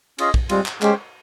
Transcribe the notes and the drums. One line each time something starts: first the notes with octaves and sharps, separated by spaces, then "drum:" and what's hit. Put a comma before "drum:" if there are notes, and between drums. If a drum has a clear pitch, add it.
C#4 F4 G#4 D#5, drum: cymbal
drum: kick
G3 G#3 C4 F4, drum: cymbal
drum: clap
G#3 C#4 G4 C5 G5, drum: clap